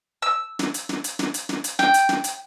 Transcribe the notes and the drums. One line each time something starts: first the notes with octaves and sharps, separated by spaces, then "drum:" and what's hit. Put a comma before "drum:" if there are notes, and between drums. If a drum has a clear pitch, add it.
E6
drum: snare
drum: hi-hat
drum: snare
drum: hi-hat
drum: snare
drum: hi-hat
drum: snare
drum: hi-hat
G5, drum: snare
drum: hi-hat
drum: snare
drum: hi-hat